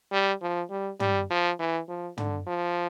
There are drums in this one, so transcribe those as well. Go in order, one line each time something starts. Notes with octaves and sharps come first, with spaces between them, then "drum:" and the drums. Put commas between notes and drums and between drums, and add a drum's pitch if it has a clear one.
G3
F3
G3
G3, drum: tom
F3
E3
F3
D3, drum: tom
F3